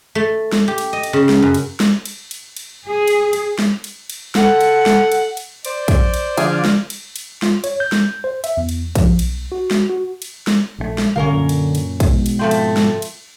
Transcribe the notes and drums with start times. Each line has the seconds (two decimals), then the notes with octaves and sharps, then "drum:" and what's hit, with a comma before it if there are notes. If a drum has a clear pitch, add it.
0.15 A3
0.52 drum: snare
0.68 G4
0.78 drum: cymbal
0.93 D#5
1.03 drum: cymbal
1.13 C#3
1.29 drum: snare
1.42 F#2
1.54 drum: cymbal
1.80 drum: snare
2.05 drum: cymbal
2.31 drum: cymbal
2.57 drum: cymbal
2.87 G#4
3.08 drum: cymbal
3.33 drum: cymbal
3.59 drum: snare
3.84 drum: cymbal
4.10 drum: cymbal
4.35 A4 F#5, drum: snare
4.61 drum: cymbal
4.86 drum: snare
5.12 drum: cymbal
5.37 drum: cymbal
5.65 C5 D5, drum: cymbal
5.88 drum: kick, cymbal
6.14 drum: cymbal
6.37 D3 F3 F4 G#4, drum: cymbal
6.65 drum: snare
6.90 drum: cymbal
7.16 drum: cymbal
7.42 F4, drum: snare
7.64 C#5, drum: cymbal
7.80 G6
7.92 drum: snare
8.24 C5
8.44 E5, drum: cymbal
8.57 E2
8.69 drum: cymbal
8.95 F3, drum: kick, cymbal
9.19 B1, drum: cymbal
9.52 F#4
9.71 drum: snare
9.90 F#4
10.22 drum: cymbal
10.47 drum: snare
10.79 A#1 D3 A3
10.98 drum: snare
11.16 B1 A2 D3 G3 C#4 A#4 F5
11.32 F#2 A#2
11.49 drum: cymbal
11.75 drum: cymbal
12.00 drum: kick, cymbal
12.11 G#2 B2
12.26 drum: cymbal
12.39 F3 A3 C4
12.51 drum: cymbal
12.77 drum: snare
13.02 drum: cymbal